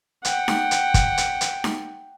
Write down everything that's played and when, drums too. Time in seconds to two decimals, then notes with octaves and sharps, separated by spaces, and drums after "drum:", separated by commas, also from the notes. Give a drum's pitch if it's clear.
0.25 F#5 G5, drum: hi-hat
0.48 drum: snare D#4
0.71 drum: hi-hat
0.94 drum: kick, hi-hat
1.17 drum: hi-hat
1.41 drum: hi-hat
1.64 drum: snare D#4